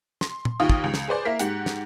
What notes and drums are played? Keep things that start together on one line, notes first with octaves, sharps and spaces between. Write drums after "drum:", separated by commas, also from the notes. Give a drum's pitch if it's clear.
C6, drum: snare
drum: tom
D#2 D#3 F4 D#6
drum: kick
C#2
drum: snare
G#4 B4 C5 D5 G#5
A#3 E4 A#4 B6 C7
G#2 G4 F#5, drum: hi-hat
drum: snare